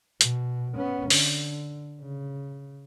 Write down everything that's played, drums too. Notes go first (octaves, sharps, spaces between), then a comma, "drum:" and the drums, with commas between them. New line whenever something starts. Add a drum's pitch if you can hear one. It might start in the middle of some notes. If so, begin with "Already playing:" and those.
B2, drum: hi-hat
B3 C#4
D3, drum: open hi-hat
C#3